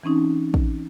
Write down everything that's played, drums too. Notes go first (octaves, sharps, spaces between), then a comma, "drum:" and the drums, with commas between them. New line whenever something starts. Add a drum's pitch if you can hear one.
E3 C4 C#4 D#4
drum: kick